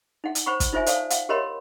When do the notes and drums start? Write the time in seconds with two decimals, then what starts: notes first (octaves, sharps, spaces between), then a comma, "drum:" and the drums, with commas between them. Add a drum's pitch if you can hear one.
0.24 D#4 F#5
0.35 drum: hi-hat
0.46 C5 F#5 B5 C#6
0.60 drum: kick, hi-hat
0.73 D#4 F4 C5 E5 G#5
0.86 A4 C5 D5 F5 A5, drum: hi-hat
1.10 F5 F#5, drum: hi-hat
1.29 G4 A#4 C#5 D#5 B5 C6